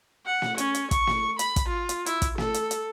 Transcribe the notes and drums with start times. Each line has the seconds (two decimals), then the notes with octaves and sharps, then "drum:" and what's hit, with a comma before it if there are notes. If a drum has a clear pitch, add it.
0.26 F#5
0.42 drum: snare
0.58 C#4, drum: hi-hat
0.75 drum: hi-hat
0.91 C#6, drum: kick, hi-hat
1.07 drum: snare
1.39 B5, drum: hi-hat
1.56 drum: kick, hi-hat
1.69 F4
1.89 drum: hi-hat
2.06 E4, drum: hi-hat
2.22 drum: kick, hi-hat
2.38 A4, drum: snare
2.54 drum: hi-hat
2.71 drum: hi-hat